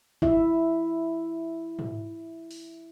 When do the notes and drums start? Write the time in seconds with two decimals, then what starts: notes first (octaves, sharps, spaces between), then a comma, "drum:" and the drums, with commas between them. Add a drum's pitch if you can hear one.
0.22 E4 E5, drum: kick G#1
1.79 drum: tom
2.51 drum: open hi-hat